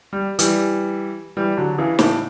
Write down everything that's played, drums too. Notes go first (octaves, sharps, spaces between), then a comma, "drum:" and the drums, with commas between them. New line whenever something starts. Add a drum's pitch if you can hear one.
G3
E3 G3, drum: hi-hat
E3 G3
D3 F#3
C#3 E3
A2 C#3, drum: snare